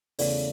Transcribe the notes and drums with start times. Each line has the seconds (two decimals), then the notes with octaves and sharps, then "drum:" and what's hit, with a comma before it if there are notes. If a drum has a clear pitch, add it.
0.19 E2 C#3 E3 A3 C#4 D5, drum: open hi-hat